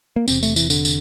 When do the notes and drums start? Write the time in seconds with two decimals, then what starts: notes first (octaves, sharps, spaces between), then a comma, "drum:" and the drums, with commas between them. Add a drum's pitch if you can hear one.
0.16 A#3
0.28 E1 E2 C3 C4, drum: tambourine
0.43 A3, drum: tambourine
0.56 E3, drum: tambourine
0.70 D3, drum: tambourine
0.85 drum: tambourine